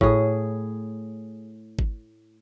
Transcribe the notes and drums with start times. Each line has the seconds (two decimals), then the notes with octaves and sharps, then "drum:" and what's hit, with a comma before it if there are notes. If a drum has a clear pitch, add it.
0.01 A2 G#4, drum: kick G#1
1.79 drum: kick G#1